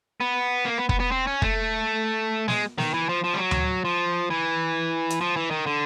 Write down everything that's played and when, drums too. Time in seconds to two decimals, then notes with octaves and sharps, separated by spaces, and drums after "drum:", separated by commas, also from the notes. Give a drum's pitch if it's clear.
0.20 B3
0.66 A#3
0.78 B3
0.89 B3, drum: kick
1.00 B3
1.11 C4
1.27 C#4
1.42 A3, drum: kick
2.48 G#3, drum: snare
2.78 D#3, drum: snare
2.94 E3
3.09 F3
3.24 F3
3.34 G3
3.39 F#3
3.51 drum: tom D2
3.85 F3
4.30 E3
5.10 drum: hi-hat
5.21 F3
5.36 E3
5.51 D#3
5.66 D3